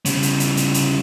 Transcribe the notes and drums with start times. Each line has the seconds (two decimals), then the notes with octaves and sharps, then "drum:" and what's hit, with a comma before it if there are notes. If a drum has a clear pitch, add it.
0.05 C#3 G3, drum: hi-hat
0.23 drum: hi-hat
0.40 drum: hi-hat
0.57 drum: hi-hat
0.74 drum: hi-hat